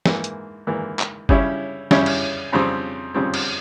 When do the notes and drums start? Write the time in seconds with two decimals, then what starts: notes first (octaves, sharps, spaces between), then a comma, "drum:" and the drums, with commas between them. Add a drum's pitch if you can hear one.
0.06 G#2 E3 A#3, drum: snare
0.24 drum: hi-hat
0.67 G#2 E3 A#3
0.99 drum: clap
1.29 C#3 G3 C#4 E4, drum: kick
1.91 C#3 G3 C#4 E4, drum: snare
2.06 drum: cymbal
2.52 F2 C#3 G3 C4
3.14 F2 C#3 G3 C4
3.34 drum: cymbal